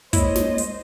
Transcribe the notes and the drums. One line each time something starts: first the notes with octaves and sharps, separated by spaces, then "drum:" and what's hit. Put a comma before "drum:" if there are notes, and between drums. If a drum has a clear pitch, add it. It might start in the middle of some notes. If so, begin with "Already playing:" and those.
G#3 A#3 E4 C5 C#5 D#5, drum: kick, hi-hat
drum: snare
drum: hi-hat